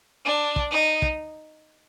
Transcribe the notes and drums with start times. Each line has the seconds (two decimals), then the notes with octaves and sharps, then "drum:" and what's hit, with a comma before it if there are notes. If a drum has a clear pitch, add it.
0.26 D4
0.56 drum: kick
0.71 D#4
1.02 drum: kick